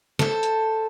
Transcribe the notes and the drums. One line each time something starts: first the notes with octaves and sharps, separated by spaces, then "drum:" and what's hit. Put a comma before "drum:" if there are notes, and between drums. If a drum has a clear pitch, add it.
A4 C5, drum: snare
drum: hi-hat